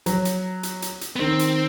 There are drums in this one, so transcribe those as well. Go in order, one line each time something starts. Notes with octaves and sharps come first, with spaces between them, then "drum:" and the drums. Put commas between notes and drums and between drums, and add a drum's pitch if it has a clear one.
F#3, drum: hi-hat
drum: hi-hat
drum: hi-hat
drum: hi-hat
drum: hi-hat
B3
D#3 C4
drum: hi-hat